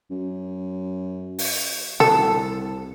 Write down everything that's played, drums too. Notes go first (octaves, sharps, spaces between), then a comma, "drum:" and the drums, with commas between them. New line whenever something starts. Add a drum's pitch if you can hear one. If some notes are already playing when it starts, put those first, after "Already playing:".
F#2
drum: open hi-hat
C2 A4, drum: tom